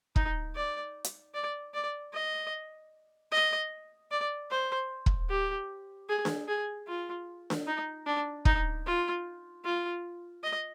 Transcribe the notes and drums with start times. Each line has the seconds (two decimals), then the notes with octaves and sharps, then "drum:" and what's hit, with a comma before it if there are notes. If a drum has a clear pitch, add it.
0.16 D#4, drum: kick
0.55 D5
1.04 drum: hi-hat
1.34 D5
1.74 D5
2.14 D#5
3.32 D#5
4.11 D5
4.50 C5
5.06 drum: kick
5.29 G4
6.09 G#4
6.25 drum: snare D4
6.48 G#4
6.87 F4
7.50 drum: snare D4
7.67 D#4
8.06 D4
8.45 D#4, drum: kick
8.86 F4
9.64 F4
10.43 D#5